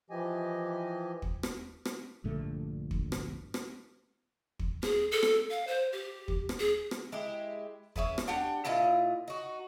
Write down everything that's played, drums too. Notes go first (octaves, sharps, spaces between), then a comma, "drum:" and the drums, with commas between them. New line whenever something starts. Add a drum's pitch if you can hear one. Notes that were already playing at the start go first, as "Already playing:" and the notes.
E3 F3 G4 D#5 G#5
drum: kick
drum: rim click
drum: rim click
A#1 G2 D3 A3
drum: kick
drum: rim click
drum: rim click
drum: kick
G#4, drum: rim click
A4
drum: rim click
F5
C5
G4
drum: kick
drum: rim click
G#4
drum: rim click
G#3 E4 G4
C#4 E4 G#4 B4, drum: kick
drum: rim click
D4 G4 F#5 G5
A#2 E4 F4 D#5
D#4 F#4